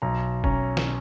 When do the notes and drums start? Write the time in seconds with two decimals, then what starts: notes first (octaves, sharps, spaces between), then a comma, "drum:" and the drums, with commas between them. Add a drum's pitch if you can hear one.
0.02 B1 A#5
0.44 C#4 A#5, drum: kick F1
0.77 drum: snare